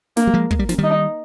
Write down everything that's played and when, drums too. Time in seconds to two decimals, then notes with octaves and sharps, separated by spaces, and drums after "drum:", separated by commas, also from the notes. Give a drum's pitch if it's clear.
0.17 A#3, drum: snare
0.27 G3
0.34 F3 G#3
0.51 G#3, drum: kick
0.59 G3
0.69 F3, drum: snare
0.78 D#3 G3
0.84 D#4